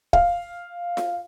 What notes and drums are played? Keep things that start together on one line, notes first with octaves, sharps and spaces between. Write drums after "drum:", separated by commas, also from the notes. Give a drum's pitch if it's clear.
F5, drum: kick
drum: snare F4